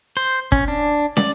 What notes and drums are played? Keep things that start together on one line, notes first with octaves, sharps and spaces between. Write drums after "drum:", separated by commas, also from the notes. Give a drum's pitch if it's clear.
C5
C#4, drum: kick
D4
D5, drum: snare